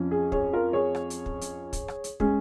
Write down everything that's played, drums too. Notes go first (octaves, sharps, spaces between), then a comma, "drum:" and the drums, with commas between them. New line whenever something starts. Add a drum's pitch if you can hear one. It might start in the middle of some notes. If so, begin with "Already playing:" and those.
Already playing: F2 F3 C#4
G#4
G#4 C#5, drum: kick
F4 A#4
G#4 C#5
drum: rim click
drum: hi-hat
drum: kick
drum: hi-hat
drum: kick, hi-hat
drum: rim click
drum: hi-hat
G#3 C#4 G#4, drum: kick